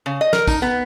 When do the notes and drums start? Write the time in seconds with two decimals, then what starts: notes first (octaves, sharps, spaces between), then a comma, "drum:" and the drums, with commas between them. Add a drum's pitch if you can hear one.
0.06 C#3
0.21 D#5
0.33 A#4, drum: snare
0.47 D#4, drum: kick, tambourine
0.62 B3